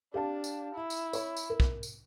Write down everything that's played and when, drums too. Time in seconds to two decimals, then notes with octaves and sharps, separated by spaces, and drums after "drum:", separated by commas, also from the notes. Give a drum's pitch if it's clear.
0.14 D4 G4 F5 A5
0.44 drum: tambourine
0.75 E4
0.90 drum: tambourine
1.13 C#5 B5, drum: tambourine
1.37 drum: tambourine
1.50 A#4
1.60 drum: kick
1.83 drum: tambourine